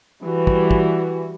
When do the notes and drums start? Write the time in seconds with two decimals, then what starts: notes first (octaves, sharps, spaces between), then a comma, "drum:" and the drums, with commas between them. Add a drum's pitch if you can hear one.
0.24 E3 G3 F#4
0.47 drum: kick
0.71 drum: kick